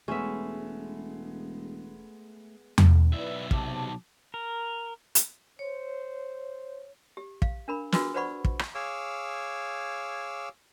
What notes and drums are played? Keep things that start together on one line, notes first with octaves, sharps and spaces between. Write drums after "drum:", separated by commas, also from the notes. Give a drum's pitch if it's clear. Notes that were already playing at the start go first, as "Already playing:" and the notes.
E1 G#3 A3 B3 C#4 E5
drum: tom E2
B1 E4 B4 D5 E5
C3 A5 D6, drum: kick
A#4
drum: hi-hat
C5 C#5
G4
F5, drum: kick
D4 A#4 B5
D4 F4 F#4 G#4 B4 E6, drum: snare
B4 C5 D5 F#5 B5 C#6
drum: kick
drum: rim click
G#4 C#5 F5 D6 E6